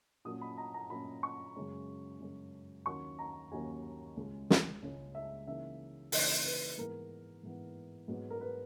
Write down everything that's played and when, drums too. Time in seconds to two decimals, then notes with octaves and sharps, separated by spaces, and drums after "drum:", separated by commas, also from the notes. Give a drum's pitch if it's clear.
0.25 A#2 F#3 C#4 D#6
0.41 B5
0.58 A#5
0.74 A#5
0.89 A#2 F#3 C#4 B5
1.23 C#6
1.56 F#2 C#3 G#3 C#4
2.20 F#2 C#3 G#3 C#4
2.86 D#2 D#3 F#3 A#3 C#4 C#6
3.19 A#5
3.51 D#2 D#3 F#3 A#3 C#4 G#5
4.16 C#2 C#3 G#3 C#4
4.50 drum: snare
4.82 C#2 C#3 G#3 C#4
5.15 E5
5.47 C#3 E3 A#3 D#4 E5
6.12 C#3 E3 A#3 D#4 D#5, drum: open hi-hat
6.45 B4
6.78 G#2 E3 B3 A#4
7.43 G#2 E3 B3
8.08 G#2 F#3 B3
8.30 A#4
8.41 B4